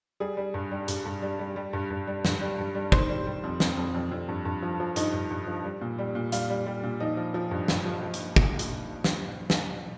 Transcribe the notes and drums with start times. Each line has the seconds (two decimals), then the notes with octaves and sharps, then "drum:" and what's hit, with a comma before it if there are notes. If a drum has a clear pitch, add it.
0.20 G3 G#4
0.37 G3
0.54 G2
0.71 G3
0.88 G2, drum: hi-hat
1.05 G2
1.22 G3
1.39 G3
1.56 G3
1.73 G2
1.90 G2
2.07 G3
2.25 G2, drum: snare
2.41 G3
2.58 G2
2.75 G3
2.92 D#3 C5, drum: kick
3.09 G3
3.26 G3
3.44 F2
3.60 F2, drum: snare
3.77 F2
3.95 F2
4.12 F2
4.28 G2
4.45 G2
4.62 F3
4.80 F3
4.96 G2 D#4, drum: hi-hat
5.13 G2
5.30 G2
5.47 F3
5.64 G3
5.81 A#2
5.98 G3
6.15 A#2
6.32 G3 F4, drum: hi-hat
6.50 G3
6.66 G3
6.83 A#2
7.00 F3 D#4
7.17 F3
7.34 F3
7.51 G2
7.68 G2, drum: snare
7.85 F3
8.03 F3
8.14 drum: hi-hat
8.36 drum: kick
8.59 drum: hi-hat
9.04 drum: snare
9.50 drum: snare